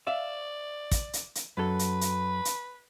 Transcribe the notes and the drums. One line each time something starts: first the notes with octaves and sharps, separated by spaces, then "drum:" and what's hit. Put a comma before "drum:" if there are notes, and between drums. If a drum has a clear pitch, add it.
D5 E5 F5
drum: kick, hi-hat
drum: hi-hat
drum: hi-hat
F#2 F#3 A4 B4
drum: hi-hat
drum: hi-hat
drum: hi-hat